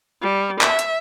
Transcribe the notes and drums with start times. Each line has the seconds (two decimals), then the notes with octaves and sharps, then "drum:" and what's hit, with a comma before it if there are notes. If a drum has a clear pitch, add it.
0.22 G3
0.61 E5, drum: clap
0.79 drum: hi-hat